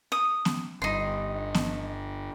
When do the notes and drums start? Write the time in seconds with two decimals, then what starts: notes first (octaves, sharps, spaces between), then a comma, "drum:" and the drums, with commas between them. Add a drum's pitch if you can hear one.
0.12 D#6
0.45 drum: snare B3
0.82 G1 G2 D#4 C6
1.54 drum: snare B3